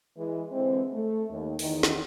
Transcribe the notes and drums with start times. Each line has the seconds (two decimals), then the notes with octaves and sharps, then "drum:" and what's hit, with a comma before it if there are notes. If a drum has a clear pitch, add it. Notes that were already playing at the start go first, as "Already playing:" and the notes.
0.16 E3 G#3
0.52 D3 E3 G#3 C4
0.93 A3
1.30 D#2
1.59 E2 D#3, drum: open hi-hat
1.83 drum: snare